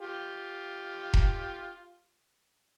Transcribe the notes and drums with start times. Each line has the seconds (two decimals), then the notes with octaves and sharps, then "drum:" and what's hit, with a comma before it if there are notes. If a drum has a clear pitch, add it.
0.01 F4 G4
1.14 drum: kick E1